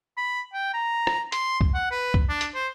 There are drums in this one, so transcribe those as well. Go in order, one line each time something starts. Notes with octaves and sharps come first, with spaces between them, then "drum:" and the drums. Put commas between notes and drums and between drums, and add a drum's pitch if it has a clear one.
B5
G5
A#5
drum: rim click
C6, drum: hi-hat
drum: kick
F#5
B4
drum: kick
D4
drum: hi-hat
C5